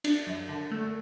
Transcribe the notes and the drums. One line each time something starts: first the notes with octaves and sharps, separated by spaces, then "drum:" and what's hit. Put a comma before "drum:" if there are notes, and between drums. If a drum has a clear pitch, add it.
D4, drum: cymbal
F#2
D3
A3